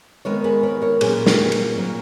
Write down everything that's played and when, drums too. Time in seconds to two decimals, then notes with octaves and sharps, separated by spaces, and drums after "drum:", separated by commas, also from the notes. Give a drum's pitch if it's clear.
0.25 D#3 G#3 B3 A#4 C#5
0.44 G#4 B4
0.63 A#4 C#5
0.82 A#4 C#5
1.01 A#2 F#3 A#3 C#4 G#4 B4, drum: cymbal
1.27 drum: snare
1.52 drum: cymbal
1.77 A#2 F#3 A#3 C#4